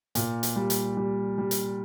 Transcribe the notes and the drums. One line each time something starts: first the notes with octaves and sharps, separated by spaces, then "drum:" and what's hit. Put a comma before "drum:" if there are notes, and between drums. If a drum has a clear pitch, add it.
A#2, drum: hi-hat
drum: hi-hat
G3
drum: hi-hat
G3
G3
drum: hi-hat